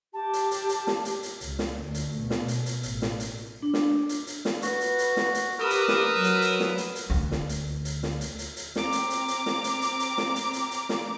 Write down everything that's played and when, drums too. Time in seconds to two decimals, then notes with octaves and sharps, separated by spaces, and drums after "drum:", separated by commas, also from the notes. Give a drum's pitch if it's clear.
0.14 G4 A5
0.33 drum: hi-hat
0.51 drum: hi-hat
0.69 drum: hi-hat
0.87 drum: snare
1.05 drum: hi-hat
1.23 drum: hi-hat
1.41 C#2, drum: hi-hat
1.59 drum: snare
1.81 D2
1.95 drum: hi-hat
2.15 B2
2.30 drum: snare
2.48 drum: hi-hat
2.66 drum: hi-hat
2.83 A1, drum: hi-hat
3.02 drum: snare
3.20 drum: hi-hat
3.63 D4
3.73 drum: snare
4.09 drum: hi-hat
4.27 drum: hi-hat
4.45 drum: snare
4.62 F#4 B4, drum: hi-hat
4.81 drum: hi-hat
4.99 drum: hi-hat
5.17 drum: snare
5.35 drum: hi-hat
5.60 G4 A#4 B4 D#6 E6
5.70 drum: hi-hat
5.88 drum: snare
6.14 F#3
6.24 drum: hi-hat
6.42 drum: hi-hat
6.60 drum: snare
6.78 drum: hi-hat
6.96 drum: hi-hat
7.10 D2
7.31 drum: snare
7.49 drum: hi-hat
7.85 drum: hi-hat
8.03 drum: snare
8.21 drum: hi-hat
8.39 drum: hi-hat
8.57 drum: hi-hat
8.76 C4 A#5 D6, drum: snare
8.92 drum: hi-hat
9.10 drum: hi-hat
9.28 drum: hi-hat
9.46 drum: snare
9.64 drum: hi-hat
9.82 drum: hi-hat
10.00 drum: hi-hat
10.18 drum: snare
10.36 drum: hi-hat
10.54 drum: hi-hat
10.71 drum: hi-hat
10.89 drum: snare